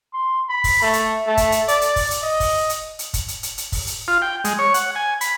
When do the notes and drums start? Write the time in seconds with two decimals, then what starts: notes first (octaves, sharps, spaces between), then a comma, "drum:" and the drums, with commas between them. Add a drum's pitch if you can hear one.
0.14 C6
0.49 B5
0.64 drum: kick, open hi-hat
0.82 A3
0.93 drum: hi-hat
1.27 A3
1.37 drum: kick, hi-hat
1.52 drum: hi-hat
1.68 D5, drum: hi-hat
1.81 drum: hi-hat
1.96 drum: kick, open hi-hat
2.11 drum: hi-hat
2.23 D#5
2.40 drum: kick, open hi-hat
2.69 drum: hi-hat
2.99 drum: hi-hat
3.14 drum: kick, hi-hat
3.28 drum: hi-hat
3.43 drum: hi-hat
3.58 drum: hi-hat
3.72 drum: kick, open hi-hat
3.87 drum: hi-hat
4.08 F4
4.22 G5
4.44 G#3, drum: hi-hat
4.59 C#5
4.74 F#5, drum: hi-hat
4.95 G#5
5.21 B5, drum: hi-hat